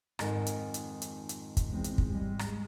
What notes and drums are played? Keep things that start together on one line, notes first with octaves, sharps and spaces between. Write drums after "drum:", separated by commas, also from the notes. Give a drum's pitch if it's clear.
F2 G#2 D#3, drum: rim click
drum: hi-hat
drum: hi-hat
drum: hi-hat
drum: hi-hat
drum: kick, hi-hat
E2 G#3 C4
drum: hi-hat
drum: kick
G#2 G3 G#3
drum: rim click